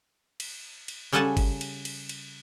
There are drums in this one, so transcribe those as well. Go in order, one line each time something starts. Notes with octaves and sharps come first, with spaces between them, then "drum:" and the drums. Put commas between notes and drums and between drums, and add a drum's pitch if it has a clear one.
drum: cymbal
drum: cymbal
C#3 G3 A4 F#5 G#5 A5
drum: kick, cymbal
drum: cymbal
drum: cymbal
drum: cymbal